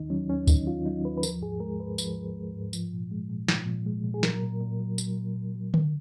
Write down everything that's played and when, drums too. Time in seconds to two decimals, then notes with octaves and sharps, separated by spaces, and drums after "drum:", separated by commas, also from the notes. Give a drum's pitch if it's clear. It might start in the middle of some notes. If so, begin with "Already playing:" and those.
Already playing: D#2 D#3 D#4
0.10 F#3 C#4
0.29 D#2 C#4
0.47 D#3 D#4, drum: kick, tambourine
0.67 D#2 F4
0.86 F#3 D#4
1.04 D#2 B4
1.18 B4
1.23 F3 A#4, drum: tambourine
1.41 G#2 G#4
1.60 G#3 A#4
1.79 G#2 B4
1.98 F3 B4, drum: tambourine
2.18 G#2
2.36 G#3
2.55 G#2
2.73 F3, drum: tambourine
2.93 A#2
3.11 G#3
3.30 A#2
3.49 F3, drum: snare
3.67 A#2
3.86 G#3
4.04 A#2
4.14 G#4
4.23 F#3 A#4, drum: snare
4.43 A#2
4.61 A#2
4.80 F#3
4.98 F#3, drum: tambourine
5.17 A#2
5.36 A#2
5.55 F#3
5.74 C#3, drum: tom D3